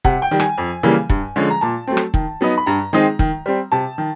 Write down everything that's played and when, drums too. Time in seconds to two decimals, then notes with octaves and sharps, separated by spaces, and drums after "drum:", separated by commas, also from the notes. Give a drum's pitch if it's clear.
0.05 C3 F#5, drum: kick
0.22 G5
0.31 D#3 G3
0.40 G#5, drum: rim click
0.58 F2
0.83 C#3 E3 G3 A#3
1.10 G2, drum: kick
1.36 D3 F3 G#3 C#4
1.50 A#5
1.61 A#2 A5
1.87 F#3 A3 C4
1.97 drum: rim click
2.14 D#3, drum: kick
2.41 F#3 B3 D#4
2.58 B5
2.66 G2 A#5
2.93 D#3 G#3 C4 D#4
3.19 D#3, drum: kick
3.46 G3 C4
3.72 C3 A5
3.98 D#3